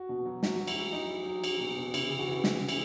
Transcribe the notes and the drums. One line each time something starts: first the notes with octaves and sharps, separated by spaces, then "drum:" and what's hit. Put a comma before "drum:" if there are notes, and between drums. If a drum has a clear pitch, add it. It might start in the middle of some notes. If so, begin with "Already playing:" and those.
Already playing: F#4
B2
F#3
F#3 F#4, drum: snare
F#3
E4, drum: cymbal
F#3
F#3 D#4
F#3
F#3
F#3, drum: cymbal
B2
B2
C#3 E4, drum: cymbal
C#3 G#4
F#4
E3
C#3 G#4, drum: snare
C#3
E4, drum: cymbal